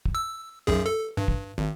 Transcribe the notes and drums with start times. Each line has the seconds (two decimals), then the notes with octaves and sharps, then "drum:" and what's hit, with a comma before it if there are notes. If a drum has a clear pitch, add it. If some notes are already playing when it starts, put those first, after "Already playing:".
0.06 drum: kick
0.15 E6
0.67 B1 F#2 G#4
0.86 A4
1.17 G2
1.28 drum: kick
1.58 G#1